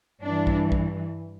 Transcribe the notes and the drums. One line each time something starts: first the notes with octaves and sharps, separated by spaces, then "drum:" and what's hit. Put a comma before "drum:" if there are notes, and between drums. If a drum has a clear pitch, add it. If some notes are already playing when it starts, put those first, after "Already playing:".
G2 E3 D4
drum: kick A#1
drum: kick A#1